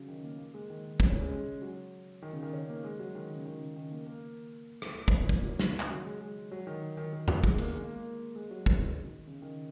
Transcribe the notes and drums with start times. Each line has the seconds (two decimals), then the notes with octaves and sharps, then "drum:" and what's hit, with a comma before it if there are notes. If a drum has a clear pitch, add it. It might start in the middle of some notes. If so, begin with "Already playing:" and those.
Already playing: C#3 F#3
0.08 D#3
0.24 A#3
0.39 A#3
0.54 G#3
0.70 D#3
0.85 D#3
1.00 C#3, drum: kick
1.10 C#4
1.21 G#3
1.31 G#3
1.62 F#3
2.22 D#3
2.33 C#3
2.43 D#3
2.53 C#4
2.69 A#3
2.84 G#3
2.99 F#3
3.15 D#3
3.35 C#3
3.45 D#3
3.60 C#3
3.76 D#3
3.91 A#3
4.07 A#3
4.82 drum: rim click
5.08 drum: kick
5.29 A#3, drum: kick
5.44 F#3
5.59 C#3, drum: snare
5.70 C#3
5.80 D#3, drum: clap
5.91 F#3
6.05 G#3
6.21 G#3
6.52 F#3
6.67 D#3
6.97 D#3
7.13 D#3
7.28 D#3, drum: tom E2
7.44 G#3, drum: kick
7.58 A#3, drum: hi-hat
7.74 G#3
7.84 A#3
7.94 A#3
8.35 G#3
8.51 F#3
8.66 D#3, drum: kick
9.27 C#3
9.42 D#3